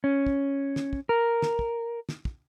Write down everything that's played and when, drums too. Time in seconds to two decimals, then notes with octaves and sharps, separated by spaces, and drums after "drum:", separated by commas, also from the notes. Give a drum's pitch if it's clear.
0.04 C#4
0.26 drum: kick
0.76 drum: snare
0.93 drum: kick
1.09 A#4
1.42 drum: snare
1.59 drum: kick
2.09 drum: snare
2.25 drum: kick